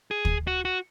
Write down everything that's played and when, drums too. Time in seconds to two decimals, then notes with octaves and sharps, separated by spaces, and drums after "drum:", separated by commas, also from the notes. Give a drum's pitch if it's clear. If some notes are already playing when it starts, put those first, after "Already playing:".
0.11 G#4
0.25 drum: kick
0.47 F#4
0.65 F#4